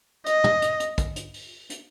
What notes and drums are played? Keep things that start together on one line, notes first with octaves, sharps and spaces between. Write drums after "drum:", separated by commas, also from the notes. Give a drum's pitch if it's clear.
D#5, drum: hi-hat
drum: tom
drum: hi-hat
drum: hi-hat
drum: kick, hi-hat
drum: hi-hat
drum: open hi-hat
drum: hi-hat